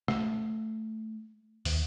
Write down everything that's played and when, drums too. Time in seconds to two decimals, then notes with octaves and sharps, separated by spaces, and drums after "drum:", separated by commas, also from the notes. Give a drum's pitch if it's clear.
0.08 A3, drum: rim click
1.65 D#2, drum: open hi-hat